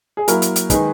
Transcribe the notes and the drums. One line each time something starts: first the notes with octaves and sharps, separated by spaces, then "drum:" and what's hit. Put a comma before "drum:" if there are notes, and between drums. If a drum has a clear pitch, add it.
G#4
F#3 A#3 E4 A#4, drum: hi-hat
drum: hi-hat
drum: hi-hat
D#3 G#3 D#4 G#4 B4, drum: kick, hi-hat